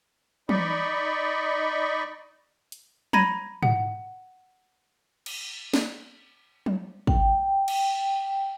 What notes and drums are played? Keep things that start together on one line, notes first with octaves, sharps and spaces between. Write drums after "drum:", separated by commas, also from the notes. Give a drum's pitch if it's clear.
D#4 D5 D#5 B5 C#6, drum: tom E3
drum: hi-hat
A#5 B5 G#6 A#6 D#7, drum: tom F3
F#5, drum: tom G#2
drum: cymbal
drum: snare
drum: tom F3
G5, drum: kick
drum: cymbal